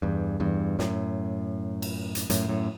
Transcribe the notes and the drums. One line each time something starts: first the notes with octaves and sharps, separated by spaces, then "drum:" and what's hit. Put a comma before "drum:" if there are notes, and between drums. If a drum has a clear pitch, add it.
E2 G2
E2 G2
F#2 A2, drum: snare
drum: cymbal
drum: hi-hat
F#2 A2, drum: hi-hat
F#2 A2